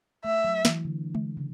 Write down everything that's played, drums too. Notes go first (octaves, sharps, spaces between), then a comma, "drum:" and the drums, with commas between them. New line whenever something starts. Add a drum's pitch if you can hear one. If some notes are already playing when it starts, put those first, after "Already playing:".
A3 E5
F#3
E3, drum: snare
D3
D3, drum: tom G#3
C#3